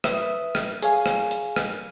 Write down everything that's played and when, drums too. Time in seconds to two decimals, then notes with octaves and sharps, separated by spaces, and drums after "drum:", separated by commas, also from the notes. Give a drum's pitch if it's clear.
0.04 B4 E5 D#6, drum: rim click
0.55 drum: rim click
0.83 G#4 C#5 F5 G#5, drum: hi-hat
1.06 drum: rim click
1.31 drum: hi-hat
1.56 drum: rim click